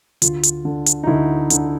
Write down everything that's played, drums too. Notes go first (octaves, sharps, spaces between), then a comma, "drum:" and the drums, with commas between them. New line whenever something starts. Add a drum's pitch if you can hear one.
D2 F4, drum: hi-hat
drum: hi-hat
D3
drum: hi-hat
D#4
D2 E4
D3, drum: hi-hat